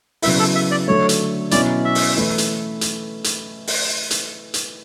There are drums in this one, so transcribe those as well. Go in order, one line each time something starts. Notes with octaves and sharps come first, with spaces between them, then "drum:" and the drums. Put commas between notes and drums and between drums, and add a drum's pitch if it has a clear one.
C#3 F#3 B3 E4 E5, drum: open hi-hat
A4
E5
D5
D3 F#3 A3 C#5
drum: hi-hat
B2 F#3 C#4 E4 D5, drum: hi-hat
E5
drum: open hi-hat
E3 A3 E4
drum: hi-hat
drum: hi-hat
drum: hi-hat
drum: open hi-hat
drum: hi-hat
drum: hi-hat